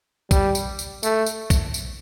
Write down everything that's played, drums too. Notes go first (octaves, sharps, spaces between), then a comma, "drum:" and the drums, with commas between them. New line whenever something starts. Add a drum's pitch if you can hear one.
G3, drum: kick, tambourine
drum: tambourine
drum: tambourine
A3, drum: tambourine
drum: tambourine
drum: kick, tambourine
drum: tambourine